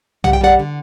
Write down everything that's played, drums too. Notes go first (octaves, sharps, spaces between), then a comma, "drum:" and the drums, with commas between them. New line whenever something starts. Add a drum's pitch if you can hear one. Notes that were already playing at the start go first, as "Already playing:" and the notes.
G3 F#5, drum: tom B1
G5
G3 D5 F#5
D3